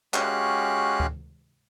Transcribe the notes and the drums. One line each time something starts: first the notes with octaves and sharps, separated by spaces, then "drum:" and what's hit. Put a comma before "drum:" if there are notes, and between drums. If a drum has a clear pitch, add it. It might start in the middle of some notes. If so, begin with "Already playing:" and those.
G#3 C#4 F#4 G4 F5 F#6, drum: clap
drum: kick D2